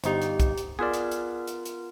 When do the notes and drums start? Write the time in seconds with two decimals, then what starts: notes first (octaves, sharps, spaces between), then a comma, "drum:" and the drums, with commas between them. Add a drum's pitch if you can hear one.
0.04 G1 D#4 G4 C5, drum: hi-hat
0.22 drum: hi-hat
0.40 drum: kick B1, hi-hat
0.58 drum: hi-hat
0.79 B3 F4 G#4 A#4 D5
0.94 drum: hi-hat
1.12 drum: hi-hat
1.47 drum: hi-hat
1.65 drum: hi-hat